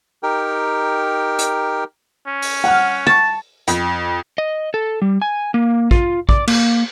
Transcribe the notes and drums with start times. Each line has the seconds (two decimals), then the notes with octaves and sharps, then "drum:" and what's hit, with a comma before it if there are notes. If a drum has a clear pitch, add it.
0.23 D#4 G4 A#4 G5
1.39 drum: hi-hat
2.27 C#4
2.42 drum: open hi-hat
2.64 F#5 F6
3.07 A5 C#6
3.68 F2, drum: hi-hat
4.38 D#5
4.74 A4
5.02 G3
5.22 G#5
5.54 A#3
5.91 F4, drum: kick
6.29 D5, drum: kick
6.48 A#3, drum: cymbal